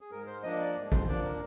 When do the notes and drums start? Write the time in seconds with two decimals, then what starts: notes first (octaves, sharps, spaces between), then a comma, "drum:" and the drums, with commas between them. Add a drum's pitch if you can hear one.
0.01 G#4
0.11 G#2 A#4
0.27 C5
0.43 F3 A#3 D4 D#5
0.60 D5
0.76 G#2
0.92 C5, drum: kick
1.08 F3 A#3 D4 D5
1.24 A#4